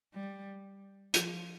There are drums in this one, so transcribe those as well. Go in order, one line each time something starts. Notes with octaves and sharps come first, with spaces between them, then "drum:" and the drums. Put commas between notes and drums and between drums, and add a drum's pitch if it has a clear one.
G3
F3, drum: hi-hat